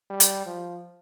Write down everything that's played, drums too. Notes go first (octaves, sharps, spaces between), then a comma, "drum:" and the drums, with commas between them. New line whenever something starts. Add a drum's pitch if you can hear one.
G3
drum: hi-hat
F3